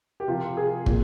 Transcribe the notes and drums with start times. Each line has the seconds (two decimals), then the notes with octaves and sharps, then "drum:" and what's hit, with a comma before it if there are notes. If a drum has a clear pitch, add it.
0.20 G4
0.28 C3 F3 F4
0.57 G#4
0.86 A#2, drum: kick